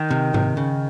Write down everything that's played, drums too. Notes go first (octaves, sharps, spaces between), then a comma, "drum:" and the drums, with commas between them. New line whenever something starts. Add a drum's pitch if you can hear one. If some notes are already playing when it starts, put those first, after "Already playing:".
Already playing: D#3
C3
C3, drum: tom G#2
C#3